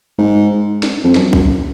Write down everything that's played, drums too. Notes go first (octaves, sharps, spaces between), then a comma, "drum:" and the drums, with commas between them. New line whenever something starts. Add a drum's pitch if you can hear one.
G#2
drum: snare
F2
F#2, drum: snare
F#2, drum: kick